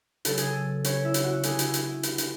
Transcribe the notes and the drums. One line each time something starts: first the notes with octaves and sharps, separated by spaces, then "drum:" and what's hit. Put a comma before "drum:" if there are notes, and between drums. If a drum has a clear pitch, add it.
C#3 F#3 A3 A4, drum: hi-hat
G#4, drum: hi-hat
A4
C#4 C#5, drum: hi-hat
E4 E5
drum: hi-hat
F#4 F#5
D3 A3 G#4 G#5, drum: hi-hat
drum: hi-hat
drum: hi-hat
drum: hi-hat
drum: hi-hat